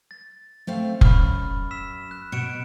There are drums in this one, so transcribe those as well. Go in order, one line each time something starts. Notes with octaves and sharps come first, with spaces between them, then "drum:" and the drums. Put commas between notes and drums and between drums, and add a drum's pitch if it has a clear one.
A6
A3 C4 F5
F#2 B5 C#6 F6, drum: kick F1
E6 B6 E7
F#6
B2 C#7 D7 E7